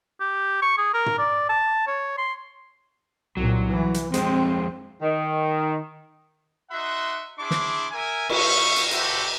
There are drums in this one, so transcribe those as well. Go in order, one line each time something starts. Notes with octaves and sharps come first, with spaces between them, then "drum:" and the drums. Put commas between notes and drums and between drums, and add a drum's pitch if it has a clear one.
G4
C#6
G#4
A#4
drum: tom
D5
A5
C#5
C6
C2 A#2 F#3
E3
drum: hi-hat
F2 G#3 C4, drum: hi-hat
D#3
D#4 F#4 E5 F#5 C6
D4 E4 G#4 C6 D6
drum: snare
A#4 E5 G#5
E5 F5 C#6, drum: cymbal
drum: hi-hat
F#4 G4 A4 C5 E5, drum: hi-hat